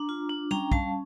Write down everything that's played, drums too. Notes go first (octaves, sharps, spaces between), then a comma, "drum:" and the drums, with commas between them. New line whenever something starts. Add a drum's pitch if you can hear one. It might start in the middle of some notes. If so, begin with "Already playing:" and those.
Already playing: D4 A#5 D6
F4
D4
C#4 G5 A#5, drum: tom
G3 F5 A5, drum: kick